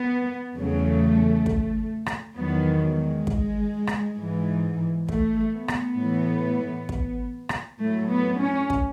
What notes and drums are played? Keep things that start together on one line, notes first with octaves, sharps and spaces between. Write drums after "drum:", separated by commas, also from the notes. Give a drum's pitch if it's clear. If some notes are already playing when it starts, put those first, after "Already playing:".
Already playing: B3
E2 C#3 F#3 A3
drum: kick
drum: rim click
E2 D#3 F#3 B3
G#3
drum: kick
drum: rim click
G#2 E3
A3, drum: kick
B3
drum: rim click
A2 E3
drum: kick
drum: rim click
A2 F#3 A3
B3
C#4
drum: kick